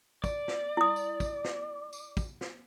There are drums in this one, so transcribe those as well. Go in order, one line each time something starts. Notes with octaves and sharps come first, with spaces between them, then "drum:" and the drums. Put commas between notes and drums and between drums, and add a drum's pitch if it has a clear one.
D5, drum: kick, tambourine
drum: snare
E4 D#6
drum: tambourine
drum: kick, tambourine
drum: snare
drum: tambourine
drum: kick, tambourine
drum: snare